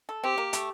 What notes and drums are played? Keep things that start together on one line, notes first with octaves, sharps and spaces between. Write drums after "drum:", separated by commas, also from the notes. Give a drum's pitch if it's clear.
A4
C4 G4
A#3
A3, drum: hi-hat